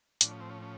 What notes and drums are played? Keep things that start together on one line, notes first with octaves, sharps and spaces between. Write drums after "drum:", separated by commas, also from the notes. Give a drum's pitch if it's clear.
A2 F3 D4, drum: hi-hat
C#4
C4
C#4
C#4